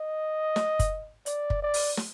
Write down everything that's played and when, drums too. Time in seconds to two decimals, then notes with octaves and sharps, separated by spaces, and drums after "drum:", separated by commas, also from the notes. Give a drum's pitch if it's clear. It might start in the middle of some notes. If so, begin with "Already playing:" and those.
Already playing: D#5
0.56 drum: snare
0.79 drum: kick, hi-hat
1.26 D5, drum: hi-hat
1.50 drum: kick
1.62 D5
1.74 drum: open hi-hat
1.97 drum: snare